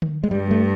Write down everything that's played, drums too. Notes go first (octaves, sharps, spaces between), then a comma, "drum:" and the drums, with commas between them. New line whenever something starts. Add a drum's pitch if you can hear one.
drum: tom D3
G#3
G2 G3
A3